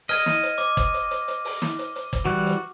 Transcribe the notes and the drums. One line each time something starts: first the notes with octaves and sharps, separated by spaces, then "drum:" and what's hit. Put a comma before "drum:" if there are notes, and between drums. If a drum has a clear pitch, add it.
D#5 F6 G#6 D#7, drum: open hi-hat
drum: snare
drum: hi-hat
D6, drum: hi-hat
drum: kick, hi-hat
drum: hi-hat
drum: hi-hat
drum: hi-hat
drum: open hi-hat
drum: snare
drum: hi-hat
drum: hi-hat
drum: kick, hi-hat
E3 G3 F#4 F#6
drum: hi-hat